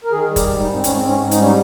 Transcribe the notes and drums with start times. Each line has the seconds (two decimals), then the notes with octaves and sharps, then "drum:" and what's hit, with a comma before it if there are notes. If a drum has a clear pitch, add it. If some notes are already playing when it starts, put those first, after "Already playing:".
0.04 A#4
0.12 D#3 G#4
0.30 G3
0.36 G4, drum: kick, hi-hat
0.48 G#2
0.60 D#4
0.66 G#2
0.73 C4
0.84 G#2 C#4, drum: hi-hat
0.96 C4
1.02 G#2
1.08 C#4
1.20 G#2
1.31 D#4, drum: hi-hat
1.38 G3 C#4
1.47 D#4